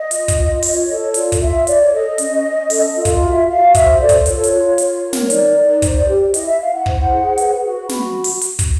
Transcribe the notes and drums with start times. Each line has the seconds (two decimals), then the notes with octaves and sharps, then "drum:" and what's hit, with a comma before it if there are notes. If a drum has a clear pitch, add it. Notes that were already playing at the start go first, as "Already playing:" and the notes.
Already playing: D#5
0.11 F4, drum: hi-hat
0.28 drum: kick, hi-hat
0.37 F4
0.62 C#5, drum: open hi-hat
0.89 A4
1.14 F4 D5, drum: hi-hat
1.32 drum: kick, hi-hat
1.41 F4 E5
1.67 C#5 D5, drum: hi-hat
1.93 A4 D#5
2.18 C#4, drum: hi-hat
2.45 C#4
2.70 A4, drum: open hi-hat
2.96 F4
3.05 drum: kick, hi-hat
3.22 F#4 E5
3.48 F#4 F5
3.75 C5 E5, drum: kick, hi-hat
4.00 A4 D5
4.09 drum: kick, hi-hat
4.26 F4 C#5, drum: hi-hat
4.43 drum: hi-hat
4.53 F4
4.78 C#5, drum: hi-hat
5.03 A#4
5.13 drum: snare
5.30 D#4 D5, drum: hi-hat
5.56 D#4
5.82 C5, drum: kick, hi-hat
6.08 G4
6.34 E4 D#5, drum: hi-hat
6.47 E5
6.60 E4 F5
6.73 F#5
6.86 C5, drum: kick
7.12 G#4
7.38 B4, drum: hi-hat
7.64 F#4
7.89 F#4 B5, drum: snare
8.24 drum: open hi-hat
8.41 drum: hi-hat
8.59 drum: kick, hi-hat